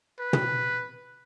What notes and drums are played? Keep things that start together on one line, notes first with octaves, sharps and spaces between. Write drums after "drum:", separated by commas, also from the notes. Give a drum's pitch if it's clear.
B4
drum: tom